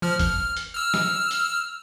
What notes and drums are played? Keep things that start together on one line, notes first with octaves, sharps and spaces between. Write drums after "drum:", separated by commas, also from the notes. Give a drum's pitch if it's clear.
F3 F6
F6, drum: kick F#1, hi-hat
drum: hi-hat
E6 F6
drum: snare
drum: hi-hat